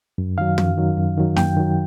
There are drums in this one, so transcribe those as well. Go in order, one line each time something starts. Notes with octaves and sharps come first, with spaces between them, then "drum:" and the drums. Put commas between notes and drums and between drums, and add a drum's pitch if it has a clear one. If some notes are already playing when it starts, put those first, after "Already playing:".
F#2
D#3 F#3 F5
F#2, drum: tom
D#3 F#3
F#2
D#3 F#3
F#2 G5, drum: snare
D#3 F#3